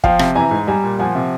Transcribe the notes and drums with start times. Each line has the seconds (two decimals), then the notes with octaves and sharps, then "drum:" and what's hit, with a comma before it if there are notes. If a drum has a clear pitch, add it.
0.04 F3 F5 G5, drum: kick
0.19 C3, drum: rim click
0.35 E3 G#5 A#5
0.51 G#2
0.67 G3 G#5 A#5
0.84 A#2
0.99 F3 F#5 G#5
1.15 C3